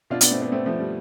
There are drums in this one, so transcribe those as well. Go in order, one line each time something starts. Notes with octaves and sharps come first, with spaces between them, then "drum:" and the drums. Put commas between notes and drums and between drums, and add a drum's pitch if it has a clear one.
B2 D4 F4
B3 D4, drum: hi-hat
A3 C4
B3 D4
A3 C4
F3 A3
G3